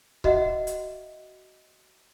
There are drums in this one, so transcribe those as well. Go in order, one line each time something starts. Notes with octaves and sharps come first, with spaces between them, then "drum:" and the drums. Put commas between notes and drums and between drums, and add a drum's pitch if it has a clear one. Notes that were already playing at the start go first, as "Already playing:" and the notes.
F#4 D#5 E5 F#5, drum: kick C#1
drum: hi-hat